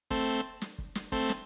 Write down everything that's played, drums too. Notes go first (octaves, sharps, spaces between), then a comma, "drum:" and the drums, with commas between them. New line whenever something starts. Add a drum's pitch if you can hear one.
A3 C4, drum: kick
drum: snare
drum: kick
drum: snare
A3 C4, drum: kick
drum: snare